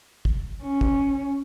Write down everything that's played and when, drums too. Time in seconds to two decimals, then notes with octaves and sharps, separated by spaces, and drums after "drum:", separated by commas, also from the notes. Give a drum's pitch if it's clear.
0.25 drum: kick
0.62 C#4
0.81 drum: kick